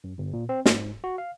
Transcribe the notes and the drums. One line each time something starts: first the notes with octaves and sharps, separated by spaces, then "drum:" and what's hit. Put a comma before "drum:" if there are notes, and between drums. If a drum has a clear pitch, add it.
F#2
G1
A#2
C4
G#2, drum: snare
F#4
F5